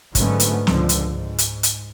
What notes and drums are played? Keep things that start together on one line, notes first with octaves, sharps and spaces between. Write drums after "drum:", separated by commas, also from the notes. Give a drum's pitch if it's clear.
G#2 D3 F#3 A3 B3 C#4, drum: kick, hi-hat
drum: hi-hat
C#2 B2 D3 F3, drum: snare
drum: hi-hat
G#2
drum: hi-hat
drum: hi-hat